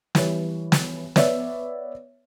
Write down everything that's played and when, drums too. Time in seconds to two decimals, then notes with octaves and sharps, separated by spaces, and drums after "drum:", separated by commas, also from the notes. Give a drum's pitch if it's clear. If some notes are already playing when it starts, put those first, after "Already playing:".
0.15 E3 G3 C#5, drum: snare
0.72 drum: snare
1.16 B3 C#5 D5 E5, drum: snare